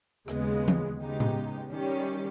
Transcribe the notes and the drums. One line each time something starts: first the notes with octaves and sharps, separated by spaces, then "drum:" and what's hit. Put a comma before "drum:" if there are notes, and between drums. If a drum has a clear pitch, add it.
D#2 C#3 G#3 B3, drum: rim click
drum: tom E3
C#3 G#3 B3 D#4 G4
drum: tom A2
D#3 G3 C#4 G4